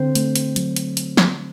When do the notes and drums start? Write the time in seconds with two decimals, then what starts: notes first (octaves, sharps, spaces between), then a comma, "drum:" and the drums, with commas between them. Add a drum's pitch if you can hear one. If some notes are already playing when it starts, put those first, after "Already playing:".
Already playing: D3 C4 C5
0.15 A3, drum: hi-hat
0.36 drum: hi-hat
0.56 F#3, drum: hi-hat
0.76 drum: hi-hat
0.97 drum: hi-hat
1.17 drum: snare